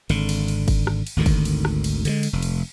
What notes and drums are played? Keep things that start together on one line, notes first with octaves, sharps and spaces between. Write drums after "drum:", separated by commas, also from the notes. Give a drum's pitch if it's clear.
G#1 D3, drum: cymbal
drum: cymbal
drum: cymbal
drum: kick, cymbal
drum: rim click
drum: cymbal
G#1 D2 D3 D#3
drum: kick, cymbal
drum: cymbal
drum: rim click
drum: cymbal
D3 D#3 G#3, drum: cymbal
drum: cymbal
F1
drum: cymbal